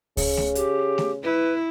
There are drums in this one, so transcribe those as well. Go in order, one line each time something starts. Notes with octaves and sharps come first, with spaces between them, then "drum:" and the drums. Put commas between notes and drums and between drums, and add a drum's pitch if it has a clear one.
C#3, drum: kick C#2, open hi-hat
drum: snare A3
G4, drum: hi-hat
drum: snare A3
E4 B4